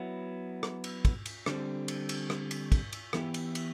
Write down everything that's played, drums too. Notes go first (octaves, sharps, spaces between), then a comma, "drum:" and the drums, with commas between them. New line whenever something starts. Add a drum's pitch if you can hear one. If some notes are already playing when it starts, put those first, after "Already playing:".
Already playing: F#3 B3 E4
drum: rim click
drum: cymbal
drum: kick, cymbal
drum: cymbal
D3 G3 C4, drum: rim click
drum: cymbal
drum: cymbal
drum: rim click
drum: cymbal
drum: kick, cymbal
drum: cymbal
E3 B3 E4 G4, drum: rim click
drum: cymbal
drum: cymbal